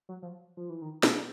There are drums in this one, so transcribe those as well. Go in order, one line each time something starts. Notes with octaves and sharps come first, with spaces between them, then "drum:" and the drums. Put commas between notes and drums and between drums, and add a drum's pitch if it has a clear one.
F#3
F3
F3
E3
D#3
B2, drum: snare